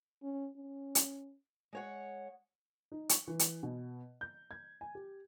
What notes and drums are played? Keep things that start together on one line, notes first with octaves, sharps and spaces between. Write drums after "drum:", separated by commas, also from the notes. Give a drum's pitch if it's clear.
C#4
C#4
drum: hi-hat
G#3 C#5 F#5
D#4
C#6, drum: hi-hat
E3
drum: hi-hat
B2
G6
G#6
G#5
G4